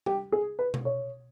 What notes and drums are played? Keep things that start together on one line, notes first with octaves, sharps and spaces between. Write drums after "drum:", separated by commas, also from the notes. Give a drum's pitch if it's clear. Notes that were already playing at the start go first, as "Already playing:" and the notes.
G4, drum: tom G3
G#4
B4
drum: tom B2
C#5